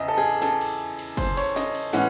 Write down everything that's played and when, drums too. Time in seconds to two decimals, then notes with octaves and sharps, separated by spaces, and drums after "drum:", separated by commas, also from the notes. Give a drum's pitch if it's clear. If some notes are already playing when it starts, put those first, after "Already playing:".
Already playing: E2 C#3 D#5 E5
0.08 A4
0.18 G#4
0.42 A4, drum: snare
0.61 drum: cymbal
0.99 drum: cymbal
1.17 C5, drum: kick, cymbal
1.37 C#5, drum: cymbal
1.56 D#5, drum: snare
1.74 drum: cymbal
1.93 A2 E3 G#3 C#4 F#5, drum: snare